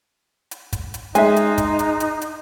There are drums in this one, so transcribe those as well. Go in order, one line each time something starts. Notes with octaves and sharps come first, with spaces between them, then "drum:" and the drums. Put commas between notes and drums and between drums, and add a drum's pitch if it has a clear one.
drum: hi-hat
drum: kick, hi-hat
drum: hi-hat
G#3 D#4 E5 G#5, drum: hi-hat
drum: hi-hat
drum: kick, hi-hat
drum: hi-hat
drum: hi-hat
drum: hi-hat